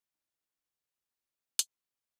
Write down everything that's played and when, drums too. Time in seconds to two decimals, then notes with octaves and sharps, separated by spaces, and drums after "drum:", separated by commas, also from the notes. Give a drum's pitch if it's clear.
0.14 D#4 A#5
1.59 drum: hi-hat